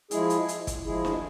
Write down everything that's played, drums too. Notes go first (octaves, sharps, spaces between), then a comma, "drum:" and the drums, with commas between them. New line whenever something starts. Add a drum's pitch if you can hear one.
F3 G#3 E4 G#4, drum: hi-hat
drum: hi-hat
drum: hi-hat
drum: kick, hi-hat
F3 G#3 E4 G#4
drum: snare